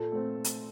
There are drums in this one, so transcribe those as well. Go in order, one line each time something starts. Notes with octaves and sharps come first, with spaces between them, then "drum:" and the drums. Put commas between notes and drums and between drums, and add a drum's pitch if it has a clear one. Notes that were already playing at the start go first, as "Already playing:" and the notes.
Already playing: A#2 A4
A3 C4
drum: hi-hat